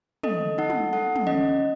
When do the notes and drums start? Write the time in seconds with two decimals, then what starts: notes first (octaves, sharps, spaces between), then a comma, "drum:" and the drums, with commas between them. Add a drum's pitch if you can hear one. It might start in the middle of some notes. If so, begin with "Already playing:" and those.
0.23 A4 D#5, drum: tom
0.58 D#4 F#5
0.70 drum: tom
0.93 A4 F#5
1.16 drum: tom
1.27 C#4 D#5